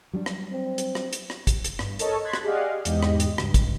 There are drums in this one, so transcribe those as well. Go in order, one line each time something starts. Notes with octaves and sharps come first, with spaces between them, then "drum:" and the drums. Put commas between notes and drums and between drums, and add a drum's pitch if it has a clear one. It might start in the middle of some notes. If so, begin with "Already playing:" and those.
F#3 G3 D4
drum: rim click
C4
drum: hi-hat
drum: rim click
drum: hi-hat
drum: rim click
drum: kick, hi-hat
drum: hi-hat
G2, drum: rim click
A4 A#4 C#5 D#5 A5 C#6, drum: hi-hat
C6 F#6 G#6 A6 B6
drum: rim click
G4 G#4 D5 D#5 F5 F#5
E2 G#2 G4 D#5, drum: hi-hat
drum: rim click
drum: hi-hat
C#2 G2, drum: rim click
drum: kick, hi-hat